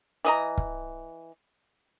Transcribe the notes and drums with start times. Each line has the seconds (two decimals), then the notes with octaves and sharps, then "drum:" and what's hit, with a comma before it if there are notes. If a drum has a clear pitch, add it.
0.25 E3 D#5 A#5
0.58 drum: kick